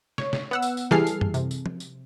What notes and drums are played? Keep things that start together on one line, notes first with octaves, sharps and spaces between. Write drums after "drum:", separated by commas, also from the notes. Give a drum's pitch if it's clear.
C#5, drum: snare
drum: snare
B3 F#5 E6
drum: tambourine
drum: tambourine
E3 G3 G#4 A4 F6 C7, drum: snare
drum: tambourine
drum: tom
C3, drum: tambourine
drum: tambourine
drum: tom F3
drum: tambourine